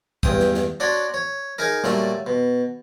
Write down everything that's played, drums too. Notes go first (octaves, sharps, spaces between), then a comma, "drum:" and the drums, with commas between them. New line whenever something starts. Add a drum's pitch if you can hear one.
E2 G2 G5 D#6, drum: kick
drum: snare
drum: snare
D4 F#4 C#5 D5 C6
C#5
D#4 G#4 A#4
A#2 F#3 G3 A3, drum: snare
B2